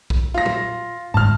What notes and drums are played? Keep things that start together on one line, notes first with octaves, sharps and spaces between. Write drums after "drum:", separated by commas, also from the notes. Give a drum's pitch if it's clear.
drum: kick B1
F4 A#6
drum: tom
G1 G#2 A5 F6